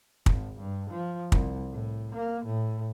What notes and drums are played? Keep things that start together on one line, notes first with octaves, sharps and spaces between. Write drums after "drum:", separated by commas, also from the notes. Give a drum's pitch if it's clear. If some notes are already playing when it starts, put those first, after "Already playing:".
G#1, drum: kick
G2
F3
C2, drum: kick
A2
A#3
A2